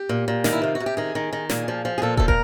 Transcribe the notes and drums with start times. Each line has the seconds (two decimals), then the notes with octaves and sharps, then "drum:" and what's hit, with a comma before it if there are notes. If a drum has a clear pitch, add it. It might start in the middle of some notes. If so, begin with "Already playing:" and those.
Already playing: G4
0.09 A#2
0.28 A#2
0.44 D#3, drum: snare
0.52 E4
0.62 C3 F4
0.75 F#4
0.80 C3
0.86 G4
0.97 D#3 G#4
1.15 D#3
1.33 D#3
1.49 A#2 G#4, drum: snare
1.68 F3
1.85 F3
1.98 G#4
2.02 A#2 A4
2.17 F3 A4, drum: kick
2.28 A#4, drum: kick